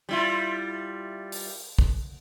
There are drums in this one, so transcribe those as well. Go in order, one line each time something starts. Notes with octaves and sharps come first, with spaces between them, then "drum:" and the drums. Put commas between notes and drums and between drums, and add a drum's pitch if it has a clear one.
G3 E4 F4
drum: open hi-hat
drum: kick